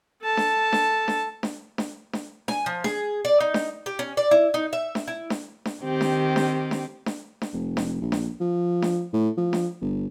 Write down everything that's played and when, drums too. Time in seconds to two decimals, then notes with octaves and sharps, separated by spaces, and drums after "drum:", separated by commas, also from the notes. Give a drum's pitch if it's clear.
0.23 A4 A5
0.37 drum: snare D4
0.73 drum: snare D4
1.08 drum: snare D4
1.43 drum: snare D4
1.78 drum: snare D4
2.13 drum: snare D4
2.48 G#5, drum: snare D4
2.66 F3
2.84 G#4, drum: snare D4
3.25 D5
3.40 D#4
3.54 drum: snare D4
3.86 G4
3.99 C#4
4.17 D5
4.31 E4
4.54 D#4
4.73 E5
4.95 drum: snare D4
5.07 E4
5.30 drum: snare D4
5.65 drum: snare D4
5.83 D#3 C4 G4
6.01 drum: snare D4
6.36 drum: snare D4
6.71 drum: snare D4
7.06 drum: snare D4
7.42 drum: snare D4
7.53 F1
7.77 drum: snare D4
8.01 A#1
8.12 drum: snare D4
8.40 F3
8.82 drum: snare D4
9.13 A2
9.37 F3
9.53 drum: snare D4
9.81 G1